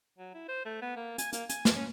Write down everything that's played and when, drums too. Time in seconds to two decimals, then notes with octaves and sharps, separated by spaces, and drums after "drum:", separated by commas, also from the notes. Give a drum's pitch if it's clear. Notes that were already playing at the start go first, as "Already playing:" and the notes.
0.18 F#3
0.34 E4
0.49 C5
0.66 A3
0.82 B3
0.96 A#3
1.18 G#5, drum: hi-hat
1.33 A#3, drum: hi-hat
1.49 G#5, drum: hi-hat
1.65 drum: snare
1.75 C#4